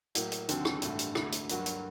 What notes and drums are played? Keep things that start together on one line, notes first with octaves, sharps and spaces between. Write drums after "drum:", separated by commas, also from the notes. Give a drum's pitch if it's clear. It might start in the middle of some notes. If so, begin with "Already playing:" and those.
A2 F#3 A#3, drum: hi-hat
drum: hi-hat
D#2 D3 F#3 C4, drum: hi-hat
drum: rim click
A1 G2 D3 A3, drum: hi-hat
drum: hi-hat
D2 D3 A3, drum: rim click
drum: hi-hat
G2 F#3 A#3 F#4, drum: hi-hat
drum: hi-hat